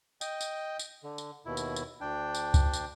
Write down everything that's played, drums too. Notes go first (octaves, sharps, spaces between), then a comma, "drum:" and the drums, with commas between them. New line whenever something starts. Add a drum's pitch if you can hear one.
D#5 G5, drum: tambourine
drum: tambourine
drum: tambourine
D3
drum: tambourine
D#2 B2 E4
drum: tambourine
drum: tambourine
D2 D4 G5
drum: tambourine
drum: kick, tambourine
drum: tambourine